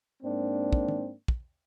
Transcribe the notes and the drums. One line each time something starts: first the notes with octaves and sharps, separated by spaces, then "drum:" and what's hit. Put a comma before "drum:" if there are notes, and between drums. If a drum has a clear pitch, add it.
G#2 A#3 C4 D4
drum: kick
drum: tom
drum: kick